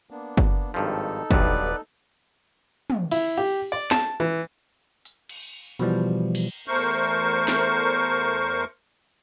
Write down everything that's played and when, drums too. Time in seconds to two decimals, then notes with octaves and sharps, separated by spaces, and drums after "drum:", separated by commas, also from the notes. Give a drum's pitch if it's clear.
0.10 A#3 B3 D4
0.37 drum: kick
0.74 G#1 G2 F3 D#4 A4
1.31 D#1 B1 G2 B3 B4 D5, drum: kick
2.90 drum: tom
3.11 E4, drum: cymbal
3.38 G4
3.72 D5
3.91 A5, drum: snare
4.20 E3
5.05 drum: hi-hat
5.29 drum: cymbal
5.79 B2 E3 F3 G3, drum: hi-hat
6.35 drum: cymbal
6.67 E2 A3 A#4 C5 C#6
7.48 drum: snare